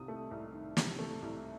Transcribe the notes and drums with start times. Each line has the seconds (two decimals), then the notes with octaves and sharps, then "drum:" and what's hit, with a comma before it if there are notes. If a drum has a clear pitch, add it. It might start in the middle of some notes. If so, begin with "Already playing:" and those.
Already playing: C2 C3 D#3 D#6
0.08 A3
0.31 C2
0.53 D#3
0.77 C3, drum: snare
0.99 A3
1.22 C2